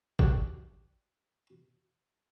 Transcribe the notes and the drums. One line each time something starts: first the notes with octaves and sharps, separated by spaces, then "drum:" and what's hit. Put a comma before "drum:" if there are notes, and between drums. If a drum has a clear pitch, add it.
D4 F#4 G4, drum: kick